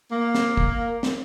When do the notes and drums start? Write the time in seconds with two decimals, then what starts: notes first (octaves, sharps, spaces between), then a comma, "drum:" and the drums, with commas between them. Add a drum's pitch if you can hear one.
0.12 A#3
0.35 drum: snare
0.57 drum: kick
1.03 drum: snare